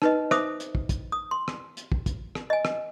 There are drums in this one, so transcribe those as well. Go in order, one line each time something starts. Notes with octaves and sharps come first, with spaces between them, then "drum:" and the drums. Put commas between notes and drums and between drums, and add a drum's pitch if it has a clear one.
D#4 B4 D#5, drum: rim click
C5 E5 D6 D#6, drum: rim click
drum: hi-hat
drum: kick
drum: kick, hi-hat
D#6
C6
drum: rim click
drum: hi-hat
drum: kick
drum: kick, hi-hat
drum: rim click
D#5 G#5
drum: rim click